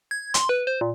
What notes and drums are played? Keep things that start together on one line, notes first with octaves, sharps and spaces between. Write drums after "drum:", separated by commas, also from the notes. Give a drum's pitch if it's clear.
G#6
C6, drum: hi-hat
B4
C5
A#2